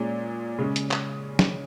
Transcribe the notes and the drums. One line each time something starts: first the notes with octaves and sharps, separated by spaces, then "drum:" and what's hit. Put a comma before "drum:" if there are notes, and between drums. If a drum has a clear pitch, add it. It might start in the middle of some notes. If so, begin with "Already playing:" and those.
Already playing: A#2 G#3 C#4
C#3 G#3 C#4
drum: hi-hat
drum: clap
drum: snare